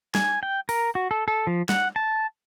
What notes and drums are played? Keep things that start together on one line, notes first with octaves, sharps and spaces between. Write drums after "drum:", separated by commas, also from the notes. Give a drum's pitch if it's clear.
G#5, drum: snare
G5
A#4, drum: open hi-hat
F#4
A4
A4
F3
F#5, drum: snare
A5